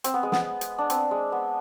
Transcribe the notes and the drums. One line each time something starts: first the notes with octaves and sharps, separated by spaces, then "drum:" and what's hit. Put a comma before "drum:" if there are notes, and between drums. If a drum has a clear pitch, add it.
C4, drum: hi-hat
B3
G#3
B3, drum: snare
drum: hi-hat
D4
C4, drum: hi-hat
G#3
B3